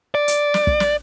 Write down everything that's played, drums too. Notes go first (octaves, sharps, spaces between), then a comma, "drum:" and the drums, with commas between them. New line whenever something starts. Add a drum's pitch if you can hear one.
D5
drum: hi-hat
drum: snare
drum: kick
drum: snare